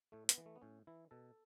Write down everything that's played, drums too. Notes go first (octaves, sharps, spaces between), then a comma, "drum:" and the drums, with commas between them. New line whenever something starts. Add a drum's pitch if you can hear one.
A2 A3
B3, drum: hi-hat
E3
A3
B3
A2 C#4
E3 E4
B2 A4